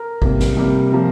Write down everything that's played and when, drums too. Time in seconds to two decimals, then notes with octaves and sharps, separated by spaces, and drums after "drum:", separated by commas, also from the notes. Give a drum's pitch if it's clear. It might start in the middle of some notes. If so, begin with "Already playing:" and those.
Already playing: A#4
0.22 C3 G3 A#3, drum: kick G#1
0.39 drum: snare
0.57 C3 G3 A#3
0.92 C3 F3 A#3 A#4